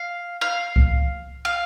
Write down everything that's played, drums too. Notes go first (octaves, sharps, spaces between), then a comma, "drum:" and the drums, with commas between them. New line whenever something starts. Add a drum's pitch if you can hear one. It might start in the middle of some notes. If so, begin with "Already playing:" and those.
Already playing: F5
F5
drum: kick C2
F5